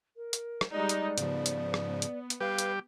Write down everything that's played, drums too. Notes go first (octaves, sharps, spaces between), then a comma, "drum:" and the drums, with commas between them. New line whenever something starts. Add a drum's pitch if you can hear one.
A#4
drum: hi-hat
drum: rim click
G3 G#3 D#4 D5
drum: hi-hat
G#2 C#3 F3 B3, drum: hi-hat
drum: hi-hat
drum: rim click
drum: hi-hat
drum: hi-hat
G3 G4 B4 F5
drum: hi-hat